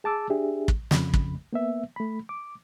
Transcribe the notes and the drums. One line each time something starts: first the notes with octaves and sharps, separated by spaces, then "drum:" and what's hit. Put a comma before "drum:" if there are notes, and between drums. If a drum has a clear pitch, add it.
G#4 A5 D6 E6
D4 G4 G#4 E5
drum: kick
F2 C#3 B5, drum: snare
drum: kick
A#3 B3 E5
A3 B5
D6